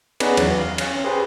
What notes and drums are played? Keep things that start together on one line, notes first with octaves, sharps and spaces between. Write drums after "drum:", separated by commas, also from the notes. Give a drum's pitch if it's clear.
B3 C#4 D#4 G#4 B4 D5, drum: cymbal
E2 F#3, drum: cymbal
F5
C#4, drum: cymbal
G4 G#4 B4 C5